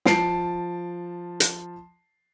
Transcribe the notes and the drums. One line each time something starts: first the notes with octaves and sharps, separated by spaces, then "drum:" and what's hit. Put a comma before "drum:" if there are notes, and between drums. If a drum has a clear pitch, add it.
F3 A5 C7 D7, drum: snare
drum: hi-hat